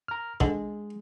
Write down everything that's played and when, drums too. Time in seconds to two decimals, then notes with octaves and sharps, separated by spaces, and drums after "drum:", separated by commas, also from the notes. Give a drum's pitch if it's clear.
0.08 A#5 F6
0.40 D3 G#3, drum: kick